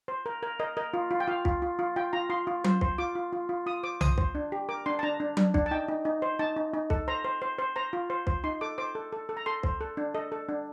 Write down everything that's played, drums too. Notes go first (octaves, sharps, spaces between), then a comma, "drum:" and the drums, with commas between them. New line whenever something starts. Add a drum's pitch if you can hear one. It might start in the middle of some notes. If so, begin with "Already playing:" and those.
C5
A#4
A#4
A#4 D#5
A#4 D#5
F4
F4
G5
F4 F5
F4, drum: kick
F4
F4
F4 G5
F4 A#5
F4 C6
F4
C5, drum: tom F#3
C5, drum: kick
F4 D6
F4
F4
F4
F4 D#6
C5 D6
C5 D#6, drum: tom B1
C5, drum: kick
D4
G4
A#4 D6
D4 C6
A5
D4 A#5
D4
D4, drum: tom F#3
D4, drum: kick
A5
D#4 G5
D#4
D#4
C5
D#4 A5
D#4
D#4
A4, drum: kick
C5 A#5
C5
C5
C5
C5 A#5
F4
C5
C5, drum: kick
D#4 C6
A4 D6
C5 D6
A4
A4
A4
A#5
A4 C6
C5, drum: kick
A4
D4
A4 D#5
A4
D4